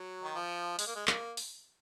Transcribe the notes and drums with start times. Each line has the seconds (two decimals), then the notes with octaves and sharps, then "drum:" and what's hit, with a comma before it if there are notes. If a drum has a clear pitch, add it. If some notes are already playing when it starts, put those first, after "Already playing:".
Already playing: F#3
0.23 D#3
0.35 F3
0.79 G#3, drum: open hi-hat
0.87 A#3
0.96 G#3
1.07 A#3, drum: clap
1.37 drum: open hi-hat